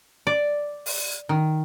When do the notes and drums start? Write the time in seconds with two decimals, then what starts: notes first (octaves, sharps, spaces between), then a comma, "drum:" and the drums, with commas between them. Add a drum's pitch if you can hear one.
0.27 D5
0.86 drum: open hi-hat
1.29 D#3